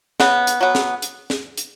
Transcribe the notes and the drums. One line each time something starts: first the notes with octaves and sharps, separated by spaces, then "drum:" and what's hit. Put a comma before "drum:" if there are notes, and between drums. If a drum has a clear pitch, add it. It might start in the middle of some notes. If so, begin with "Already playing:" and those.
C#3 B3, drum: snare
drum: hi-hat
F#3 B3
drum: snare
drum: hi-hat
drum: snare
drum: hi-hat